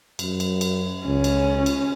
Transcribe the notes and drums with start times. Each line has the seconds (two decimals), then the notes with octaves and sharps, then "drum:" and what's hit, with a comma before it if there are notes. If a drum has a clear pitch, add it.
0.19 F#2, drum: cymbal
0.40 drum: cymbal
0.61 drum: cymbal
1.06 C#2 C#4
1.24 drum: cymbal
1.66 drum: cymbal